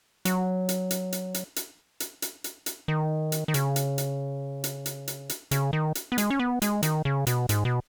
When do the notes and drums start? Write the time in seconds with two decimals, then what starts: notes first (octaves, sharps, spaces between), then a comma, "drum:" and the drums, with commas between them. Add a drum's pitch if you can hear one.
0.25 F#3, drum: hi-hat
0.69 drum: hi-hat
0.91 drum: hi-hat
1.12 drum: hi-hat
1.34 drum: hi-hat
1.56 drum: hi-hat
2.00 drum: hi-hat
2.22 drum: hi-hat
2.44 drum: hi-hat
2.66 drum: hi-hat
2.88 D#3
3.32 drum: hi-hat
3.48 D#3
3.54 C#3, drum: hi-hat
3.76 drum: hi-hat
3.98 drum: hi-hat
4.64 drum: hi-hat
4.86 drum: hi-hat
5.08 drum: hi-hat
5.29 drum: hi-hat
5.51 C#3, drum: hi-hat
5.73 D#3
5.95 drum: hi-hat
6.12 B3
6.18 G#3, drum: hi-hat
6.30 C#4
6.39 B3
6.62 G#3, drum: hi-hat
6.83 D#3, drum: hi-hat
7.05 C#3
7.27 B2, drum: hi-hat
7.49 G#2, drum: hi-hat
7.65 B2